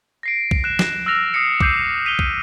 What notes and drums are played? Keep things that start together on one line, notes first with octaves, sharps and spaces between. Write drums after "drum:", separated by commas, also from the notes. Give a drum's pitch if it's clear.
A#6 C7 D7
drum: kick B1
F#6 E7
drum: snare
E6 F6 A#6 F7
D#6 A#6 C7 C#7
D6 E6 G6 C7 D#7, drum: kick B1
B6 D#7 F7 G7
drum: kick B1